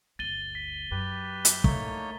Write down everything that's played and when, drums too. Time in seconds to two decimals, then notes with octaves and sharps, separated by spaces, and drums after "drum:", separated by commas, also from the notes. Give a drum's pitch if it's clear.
0.19 G1 D2 A6 D#7 G7
0.55 B6
0.91 F#2 G4 B4
1.45 drum: hi-hat
1.64 F#3 A3 A#3 D#4 E4 C#5, drum: kick